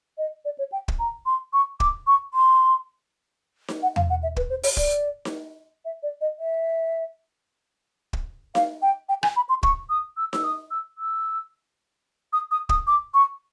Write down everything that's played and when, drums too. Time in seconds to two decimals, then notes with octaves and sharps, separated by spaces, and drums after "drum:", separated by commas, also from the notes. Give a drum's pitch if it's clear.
0.18 D#5
0.45 D5
0.58 C#5
0.72 G5
0.88 drum: kick
0.99 A#5
1.26 C6
1.53 C#6
1.80 D6, drum: kick
2.07 C#6
2.34 C6
3.68 drum: snare D#4
3.83 F#5
3.96 F5, drum: tom E2
4.10 F#5
4.23 E5
4.36 B4, drum: kick
4.50 C5
4.63 C#5, drum: open hi-hat
4.77 D5, drum: kick
5.25 drum: snare D#4
5.85 E5
6.03 D5
6.21 D#5
6.39 E5
8.13 drum: kick
8.55 F5, drum: snare D#4
8.82 G5
9.09 G5
9.23 G#5, drum: rim click
9.36 B5
9.49 C6
9.63 C#6, drum: kick
9.90 D#6
10.17 E6
10.33 E6, drum: snare D#4
10.44 D#6
10.71 E6
10.98 E6
12.33 D#6
12.51 D#6
12.69 D#6, drum: kick
12.87 D6
13.14 C#6